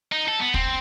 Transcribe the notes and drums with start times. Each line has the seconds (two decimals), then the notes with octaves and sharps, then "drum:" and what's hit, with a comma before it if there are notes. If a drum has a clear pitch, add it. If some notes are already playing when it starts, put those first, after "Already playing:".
0.12 D#4
0.28 A4
0.40 B3
0.54 C4, drum: kick